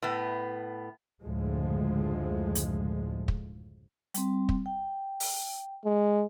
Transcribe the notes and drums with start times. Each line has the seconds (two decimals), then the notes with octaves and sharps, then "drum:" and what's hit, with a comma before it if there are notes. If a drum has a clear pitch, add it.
0.02 A2 B3
1.21 F#1 D2 A2 F3 G#3
2.55 drum: hi-hat
3.28 drum: kick
4.14 G3 C4, drum: hi-hat
4.49 drum: kick
4.66 G5
5.20 drum: open hi-hat
5.85 G#3